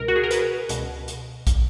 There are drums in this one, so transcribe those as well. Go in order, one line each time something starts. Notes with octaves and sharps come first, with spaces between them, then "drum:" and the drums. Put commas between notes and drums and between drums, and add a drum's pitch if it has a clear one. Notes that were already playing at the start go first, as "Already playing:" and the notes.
Already playing: C#2 B2 A#4
F#4
G#4
A#4
B4, drum: hi-hat
C#2 B2, drum: hi-hat
drum: hi-hat
drum: kick, hi-hat